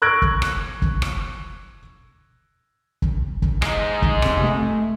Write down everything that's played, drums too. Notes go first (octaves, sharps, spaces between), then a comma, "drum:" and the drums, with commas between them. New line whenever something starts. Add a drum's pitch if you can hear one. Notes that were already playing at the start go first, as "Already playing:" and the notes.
C#6 E6 F#6 G#6 A#6 D7
drum: kick
drum: rim click
drum: kick
drum: rim click
drum: kick
drum: kick
G#3 D#4, drum: rim click
drum: kick
F1 C3, drum: rim click
A3